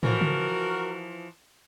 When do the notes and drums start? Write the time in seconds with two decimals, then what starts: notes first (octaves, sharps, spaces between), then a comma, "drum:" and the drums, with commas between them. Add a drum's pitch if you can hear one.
0.03 E3 F3 F#4 A#4, drum: tom
0.21 drum: tom C#3